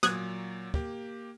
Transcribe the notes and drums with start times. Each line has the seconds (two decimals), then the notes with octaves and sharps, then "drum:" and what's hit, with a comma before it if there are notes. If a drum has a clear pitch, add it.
0.03 A#2 F#3 D#6 F#6 G#6, drum: snare
0.74 A#3 G4, drum: kick